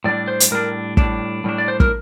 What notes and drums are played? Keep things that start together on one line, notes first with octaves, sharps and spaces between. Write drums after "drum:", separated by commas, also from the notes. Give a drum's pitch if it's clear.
A2 G3 D4 D5
C5
drum: hi-hat
A2 G3 D4 A#4
A2 G3 D4, drum: kick
A2 G3 D4
D5
C5
A#4, drum: kick